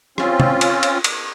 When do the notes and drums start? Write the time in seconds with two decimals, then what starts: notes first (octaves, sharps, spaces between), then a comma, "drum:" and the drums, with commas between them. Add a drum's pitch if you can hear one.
0.18 C4 C#4 F4, drum: rim click
0.40 drum: tom
0.61 drum: cymbal
0.83 drum: cymbal
1.04 drum: cymbal